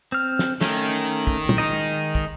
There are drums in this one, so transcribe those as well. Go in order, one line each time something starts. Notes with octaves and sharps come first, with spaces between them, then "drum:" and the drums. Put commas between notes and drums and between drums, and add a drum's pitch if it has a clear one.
C4 F6
drum: snare
D#3 A3 C#4, drum: snare
drum: kick
drum: tom A#2
G#3 D#4 D#5
drum: kick